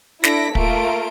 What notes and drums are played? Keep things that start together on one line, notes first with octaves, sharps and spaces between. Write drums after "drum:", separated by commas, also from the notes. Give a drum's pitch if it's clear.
D4 E4 A4 A#6 B6 D7, drum: snare
A3 A#3 F4 A#4 D7, drum: kick